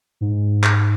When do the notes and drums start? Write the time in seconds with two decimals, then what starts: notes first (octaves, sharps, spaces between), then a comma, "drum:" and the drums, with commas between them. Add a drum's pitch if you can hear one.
0.21 G#2
0.63 drum: clap